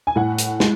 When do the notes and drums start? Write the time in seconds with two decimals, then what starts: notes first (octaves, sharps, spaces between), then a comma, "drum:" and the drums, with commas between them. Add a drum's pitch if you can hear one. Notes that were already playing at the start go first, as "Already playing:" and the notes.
0.07 G#5
0.16 A2 F#5
0.38 drum: hi-hat
0.60 G#3, drum: snare